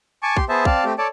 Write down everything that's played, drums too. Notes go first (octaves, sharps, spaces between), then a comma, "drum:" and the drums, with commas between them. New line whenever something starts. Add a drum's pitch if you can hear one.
G#5 A5 C#6 D6
G4 C6, drum: kick
B3 G#4 C5 E5 A5
C4 D5 F5 A5, drum: kick
A3 C4 G4
A4 C#5 D5 A5 D6